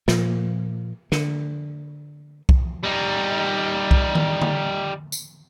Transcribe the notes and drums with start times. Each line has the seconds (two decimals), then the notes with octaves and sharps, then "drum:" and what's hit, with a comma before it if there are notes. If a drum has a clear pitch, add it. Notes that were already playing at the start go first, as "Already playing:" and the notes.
0.08 A#2 F3, drum: snare
1.12 D3, drum: snare
2.49 drum: kick
2.83 G3 D#4
3.91 drum: kick
4.15 drum: tom D#3
4.41 drum: tom D3
5.12 drum: tambourine